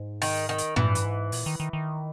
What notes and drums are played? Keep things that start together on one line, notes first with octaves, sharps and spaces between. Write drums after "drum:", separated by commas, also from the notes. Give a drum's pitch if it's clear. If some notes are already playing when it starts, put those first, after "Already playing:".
Already playing: G#2
D#3, drum: open hi-hat
D#3
drum: hi-hat
G2 E3, drum: tom A2
drum: hi-hat
G#2
A#2, drum: open hi-hat
D#3
D#3
D#3